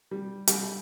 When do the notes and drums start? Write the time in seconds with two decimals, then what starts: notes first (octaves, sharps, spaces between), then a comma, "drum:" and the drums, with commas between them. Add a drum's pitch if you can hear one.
0.11 G3
0.47 G3, drum: hi-hat